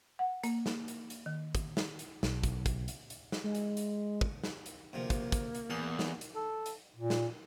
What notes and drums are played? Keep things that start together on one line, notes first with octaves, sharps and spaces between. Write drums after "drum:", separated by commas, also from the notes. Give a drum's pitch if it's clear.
F#5
A#3, drum: hi-hat
drum: snare
drum: hi-hat
drum: hi-hat
D#3
drum: kick, hi-hat
drum: snare
drum: hi-hat
B1, drum: snare
drum: kick, hi-hat
drum: kick, hi-hat
drum: hi-hat
drum: hi-hat
drum: snare
G#3
drum: hi-hat
drum: hi-hat
drum: kick
drum: snare
drum: hi-hat
D2 C3 F3 A#3
drum: kick, hi-hat
drum: kick, hi-hat
drum: hi-hat
E2 A5
drum: snare
drum: hi-hat
A4
drum: hi-hat
A#2
drum: snare